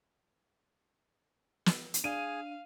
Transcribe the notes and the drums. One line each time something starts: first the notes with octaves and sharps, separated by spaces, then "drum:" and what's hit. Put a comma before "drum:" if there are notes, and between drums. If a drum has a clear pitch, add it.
drum: snare
drum: hi-hat
D4 G#4 F5 D#7